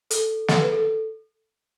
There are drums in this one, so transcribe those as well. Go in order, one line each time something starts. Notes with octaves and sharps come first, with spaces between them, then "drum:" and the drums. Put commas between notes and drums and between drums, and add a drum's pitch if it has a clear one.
A4, drum: hi-hat
A4, drum: snare
B4
A4